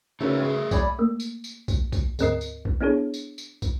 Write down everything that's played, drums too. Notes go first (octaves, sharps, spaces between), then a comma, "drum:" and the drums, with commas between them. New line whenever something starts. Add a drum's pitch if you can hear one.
C#3 D#4 F#4 A#4 B4 C#5 E5
A3 G#4 C#6
F#3 D5 G#5 B5, drum: kick, tambourine
A3 A#3
drum: tambourine
drum: tambourine
drum: kick, tambourine
drum: kick, tambourine
D2 G#2 C4 A#4 D#5 C7, drum: tambourine
drum: tambourine
drum: kick
B3 D4 E4 G#4 A4 C#5
drum: tambourine
drum: tambourine
drum: kick, tambourine